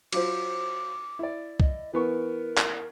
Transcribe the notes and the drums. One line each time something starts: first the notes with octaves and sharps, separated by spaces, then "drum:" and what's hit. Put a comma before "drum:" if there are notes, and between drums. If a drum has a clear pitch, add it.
F#3 F4 C5 D6, drum: cymbal
E4 D5
D#5, drum: kick C2
E3 B3 A#4 C#6
drum: clap